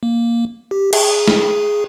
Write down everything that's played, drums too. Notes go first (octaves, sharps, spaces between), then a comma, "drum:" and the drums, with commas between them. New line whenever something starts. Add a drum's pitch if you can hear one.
A#3
G4
G#4, drum: cymbal
drum: snare